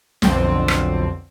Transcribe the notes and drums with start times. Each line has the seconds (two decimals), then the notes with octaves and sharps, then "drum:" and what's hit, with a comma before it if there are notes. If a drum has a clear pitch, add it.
0.22 B1 F2 D3 C4, drum: snare
0.68 drum: rim click